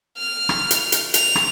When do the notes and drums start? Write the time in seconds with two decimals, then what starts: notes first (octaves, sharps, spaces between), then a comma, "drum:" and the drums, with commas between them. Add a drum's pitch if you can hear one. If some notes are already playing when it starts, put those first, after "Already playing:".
0.19 F6
0.49 drum: rim click
0.71 drum: hi-hat
0.92 drum: hi-hat
1.14 F7, drum: hi-hat
1.35 drum: rim click